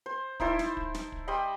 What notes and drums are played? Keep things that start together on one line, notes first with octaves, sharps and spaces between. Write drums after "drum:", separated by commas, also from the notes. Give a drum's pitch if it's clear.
C5
D#4 E4 C5 A5, drum: kick
drum: snare
drum: kick
drum: snare
drum: kick
G3 C5 D#5 B5